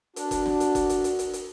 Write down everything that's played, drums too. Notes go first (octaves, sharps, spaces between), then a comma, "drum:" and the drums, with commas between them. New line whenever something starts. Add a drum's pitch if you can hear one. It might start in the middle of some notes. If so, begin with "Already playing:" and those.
D4 F#4, drum: hi-hat
drum: kick F#1, hi-hat
drum: snare
drum: hi-hat
drum: kick F#1, hi-hat
drum: hi-hat
drum: hi-hat
drum: hi-hat
drum: hi-hat